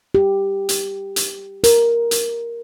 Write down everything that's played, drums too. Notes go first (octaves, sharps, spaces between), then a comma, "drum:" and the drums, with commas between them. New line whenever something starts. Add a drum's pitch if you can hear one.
G4
drum: hi-hat
drum: hi-hat
A#4, drum: hi-hat
drum: hi-hat